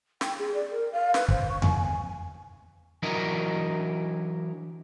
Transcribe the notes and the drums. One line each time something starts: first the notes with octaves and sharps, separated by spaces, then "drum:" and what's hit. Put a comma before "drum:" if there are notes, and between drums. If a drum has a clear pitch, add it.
G5, drum: snare
G#4
D5
A#4
F5
B4, drum: snare
C5, drum: kick
C#6
G#5, drum: tom E2
G#5
E3 F#3 D4 E4 A#4 D#5